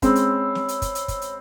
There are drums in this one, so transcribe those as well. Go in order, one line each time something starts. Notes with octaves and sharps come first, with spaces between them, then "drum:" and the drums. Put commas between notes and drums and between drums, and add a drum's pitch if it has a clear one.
G#3 C4 C#4 C#5 B5 E6, drum: kick, hi-hat
drum: hi-hat
drum: snare
drum: hi-hat
drum: kick, hi-hat
drum: hi-hat
drum: kick, hi-hat
drum: hi-hat